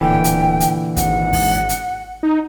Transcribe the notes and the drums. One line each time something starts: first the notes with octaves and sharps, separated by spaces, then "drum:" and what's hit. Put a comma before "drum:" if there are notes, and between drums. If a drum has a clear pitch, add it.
D1 A#2 D3 E3 G5
drum: hi-hat
drum: hi-hat
G#1 F#5, drum: kick, hi-hat
drum: kick, open hi-hat
drum: hi-hat
D#4